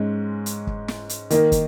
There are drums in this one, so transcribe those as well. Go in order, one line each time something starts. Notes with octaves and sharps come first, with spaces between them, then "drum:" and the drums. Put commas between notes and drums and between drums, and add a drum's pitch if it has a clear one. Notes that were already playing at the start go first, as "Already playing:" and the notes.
Already playing: G#2 G#3 C#4
drum: hi-hat
drum: kick
drum: snare
drum: hi-hat
D#3 A#3 D#4, drum: hi-hat
drum: kick, hi-hat